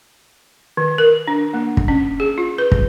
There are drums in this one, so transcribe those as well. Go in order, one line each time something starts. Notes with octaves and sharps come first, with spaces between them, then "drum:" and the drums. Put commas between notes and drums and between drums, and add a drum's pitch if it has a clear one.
D#3
A#4
D4
A#3
drum: kick
C#4
G#4
F4
B4
drum: kick